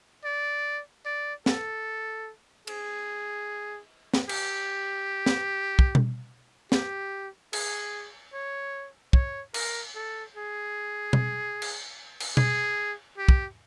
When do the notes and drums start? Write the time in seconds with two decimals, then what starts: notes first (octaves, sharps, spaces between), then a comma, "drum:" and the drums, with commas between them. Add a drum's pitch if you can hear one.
0.24 D5
1.05 D5
1.46 A4, drum: snare
2.67 G#4, drum: cymbal
4.14 drum: snare
4.29 G4, drum: cymbal
5.26 drum: snare
5.79 drum: kick
5.95 drum: tom B2
6.72 G4, drum: snare
7.53 G#4, drum: cymbal
8.33 C#5
9.13 C#5, drum: kick
9.54 A#4, drum: cymbal
9.95 A4
10.35 G#4
11.13 drum: tom B2
11.62 drum: cymbal
12.20 drum: cymbal
12.37 G#4, drum: tom B2
13.18 G4
13.29 drum: kick